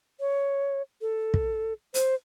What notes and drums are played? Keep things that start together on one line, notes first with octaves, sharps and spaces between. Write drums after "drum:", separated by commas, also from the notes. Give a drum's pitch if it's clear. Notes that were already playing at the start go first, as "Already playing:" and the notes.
C#5
A4
drum: kick
C5, drum: hi-hat